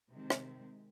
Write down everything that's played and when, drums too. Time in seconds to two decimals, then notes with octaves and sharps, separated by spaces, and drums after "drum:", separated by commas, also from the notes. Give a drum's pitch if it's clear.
0.10 C3 D#3 G#3 C4
0.30 drum: rim click